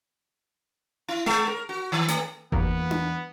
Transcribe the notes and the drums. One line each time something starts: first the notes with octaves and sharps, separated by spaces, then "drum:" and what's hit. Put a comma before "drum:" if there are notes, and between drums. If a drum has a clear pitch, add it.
E4
G#3, drum: snare
A#4
F#4
D#3
A3, drum: hi-hat
E2 G2 E3 A#3 B3, drum: kick G1
drum: tom D4